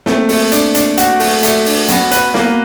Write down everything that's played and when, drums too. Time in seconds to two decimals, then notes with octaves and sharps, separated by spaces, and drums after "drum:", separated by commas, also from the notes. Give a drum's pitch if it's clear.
0.06 A3 A#3 C4, drum: snare
0.29 A3, drum: open hi-hat
0.52 D4, drum: hi-hat
0.75 D4, drum: hi-hat
0.97 F#4, drum: hi-hat
1.20 A3, drum: open hi-hat
1.43 A3, drum: hi-hat
1.66 D4, drum: open hi-hat
1.88 B3 C#4 F#4, drum: hi-hat
2.11 B4, drum: hi-hat
2.34 A#3, drum: snare